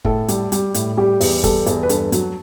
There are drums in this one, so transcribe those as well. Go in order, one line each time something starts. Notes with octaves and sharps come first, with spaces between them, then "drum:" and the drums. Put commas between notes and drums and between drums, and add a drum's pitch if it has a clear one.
A2 A4, drum: kick
G3, drum: hi-hat
G3, drum: hi-hat
A2, drum: hi-hat
G3 G4
E2, drum: open hi-hat
G3 A4, drum: kick, hi-hat
E2, drum: hi-hat
B4
G2 A4, drum: hi-hat
F#3, drum: hi-hat